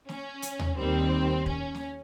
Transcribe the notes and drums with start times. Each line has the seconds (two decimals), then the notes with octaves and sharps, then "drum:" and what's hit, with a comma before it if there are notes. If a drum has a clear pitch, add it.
0.09 C#4, drum: snare
0.42 drum: hi-hat
0.59 drum: tom D#2
0.77 D#2 D#3 G3 C4
1.46 C#4, drum: kick
1.75 drum: snare